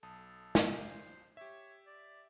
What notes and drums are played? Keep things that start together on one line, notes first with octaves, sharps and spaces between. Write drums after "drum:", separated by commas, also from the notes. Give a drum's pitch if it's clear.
B1 A4 A5 D#6
drum: snare
C5
G4 C#5 E5
D5